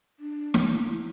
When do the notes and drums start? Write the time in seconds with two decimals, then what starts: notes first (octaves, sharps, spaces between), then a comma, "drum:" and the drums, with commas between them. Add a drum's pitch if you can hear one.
0.20 D4
0.54 drum: snare
0.71 E4